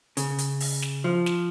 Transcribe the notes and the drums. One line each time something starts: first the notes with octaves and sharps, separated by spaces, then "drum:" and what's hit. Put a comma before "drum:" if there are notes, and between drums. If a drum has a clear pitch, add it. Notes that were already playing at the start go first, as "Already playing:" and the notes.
C#3, drum: hi-hat
drum: hi-hat
drum: open hi-hat
drum: snare
F3
drum: snare